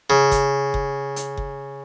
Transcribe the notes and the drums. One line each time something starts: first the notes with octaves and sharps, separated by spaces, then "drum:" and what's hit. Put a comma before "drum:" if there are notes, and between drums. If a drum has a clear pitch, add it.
C#3
drum: kick F#1, hi-hat
drum: kick F#1
drum: hi-hat
drum: kick F#1